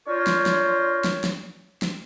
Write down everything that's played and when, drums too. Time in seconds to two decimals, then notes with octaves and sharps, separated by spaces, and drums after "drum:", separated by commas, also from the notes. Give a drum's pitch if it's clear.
0.07 D4 F4 A#4 C5 C#5
0.27 drum: snare
0.46 drum: snare
1.04 drum: snare
1.24 drum: snare
1.82 drum: snare